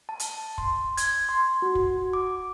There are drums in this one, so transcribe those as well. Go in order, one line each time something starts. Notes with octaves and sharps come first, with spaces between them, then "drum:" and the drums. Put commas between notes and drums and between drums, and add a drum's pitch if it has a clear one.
A5
drum: hi-hat
C6, drum: kick
G#6, drum: hi-hat
C6
F#4
drum: kick
D6